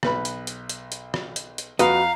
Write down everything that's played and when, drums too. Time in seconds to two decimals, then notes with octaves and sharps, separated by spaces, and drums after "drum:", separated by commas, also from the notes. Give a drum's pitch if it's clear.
0.03 B1 B4 B5, drum: rim click
0.25 drum: hi-hat
0.47 drum: hi-hat
0.69 drum: hi-hat
0.92 drum: hi-hat
1.14 drum: rim click
1.36 drum: hi-hat
1.58 drum: hi-hat
1.79 F2 F#4 B4 D#5 F5 A#5, drum: hi-hat